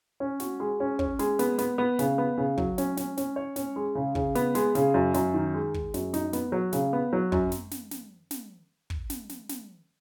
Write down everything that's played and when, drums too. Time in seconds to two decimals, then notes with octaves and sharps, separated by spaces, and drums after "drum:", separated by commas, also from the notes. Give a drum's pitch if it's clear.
0.20 C#4
0.40 F#4, drum: snare
0.60 G#3
0.80 C#4
0.99 C#4, drum: kick
1.19 G#3, drum: snare
1.39 B3, drum: snare
1.58 B3, drum: snare
1.78 B3
1.99 C#3, drum: snare
2.18 B3
2.38 C#3
2.58 F#3, drum: kick
2.78 C#4, drum: snare
2.97 C#4, drum: snare
3.17 C#4, drum: snare
3.36 C#5
3.56 C#4, drum: snare
3.76 G#3
3.95 C#3
4.15 C#3, drum: kick
4.35 B3, drum: snare
4.55 G#3, drum: snare
4.75 C#3, drum: snare
4.94 F#2
5.14 F#2, drum: snare
5.34 D#3
5.54 G#3
5.74 G#3, drum: kick
5.94 F#2, drum: snare
6.14 D#4, drum: snare
6.33 B3, drum: snare
6.52 F#3
6.73 C#3, drum: snare
6.93 B3
7.13 F#3
7.32 F#2, drum: kick
7.52 drum: snare
7.71 drum: snare
7.91 drum: snare
8.31 drum: snare
8.90 drum: kick
9.10 drum: snare
9.29 drum: snare
9.49 drum: snare